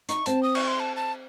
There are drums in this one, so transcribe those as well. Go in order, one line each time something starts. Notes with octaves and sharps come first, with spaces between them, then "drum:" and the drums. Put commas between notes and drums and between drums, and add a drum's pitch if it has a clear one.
D#4 C#6, drum: hi-hat
C4 A5, drum: hi-hat
D#6
C#6, drum: cymbal
C6
A5
A5